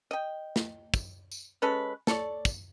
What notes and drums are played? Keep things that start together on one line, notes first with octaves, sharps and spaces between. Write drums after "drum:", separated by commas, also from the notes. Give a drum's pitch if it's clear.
D#5 G5
drum: snare
drum: kick, tambourine
drum: tambourine
G#3 C#4 A4 B4
A4 C#5 D5, drum: snare
drum: kick, tambourine